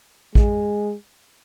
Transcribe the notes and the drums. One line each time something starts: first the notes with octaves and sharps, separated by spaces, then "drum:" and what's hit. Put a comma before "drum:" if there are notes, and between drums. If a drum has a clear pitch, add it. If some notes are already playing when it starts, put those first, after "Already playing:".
G#3, drum: kick A1